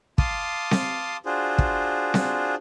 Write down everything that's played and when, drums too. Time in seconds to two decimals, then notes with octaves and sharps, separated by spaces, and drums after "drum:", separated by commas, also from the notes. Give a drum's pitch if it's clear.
0.18 F5 A5 C6 D6 D#6, drum: kick
0.71 drum: snare C4
1.26 D4 F4 F#4 G#4 C5
1.58 drum: kick
2.14 drum: snare C4